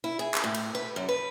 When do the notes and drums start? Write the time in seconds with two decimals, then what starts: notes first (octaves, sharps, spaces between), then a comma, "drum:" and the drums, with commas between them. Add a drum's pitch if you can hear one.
0.04 E4
0.19 G#4
0.34 drum: clap
0.44 A2
0.54 drum: cymbal
0.75 B4
0.96 F#2
1.09 B4